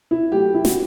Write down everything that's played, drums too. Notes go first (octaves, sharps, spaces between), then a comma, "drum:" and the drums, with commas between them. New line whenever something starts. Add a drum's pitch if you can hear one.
E4
F#3 A3 G4
E4
F#4, drum: snare